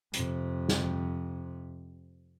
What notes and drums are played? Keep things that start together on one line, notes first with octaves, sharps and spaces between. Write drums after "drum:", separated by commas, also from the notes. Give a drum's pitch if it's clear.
F2 C3, drum: hi-hat
drum: snare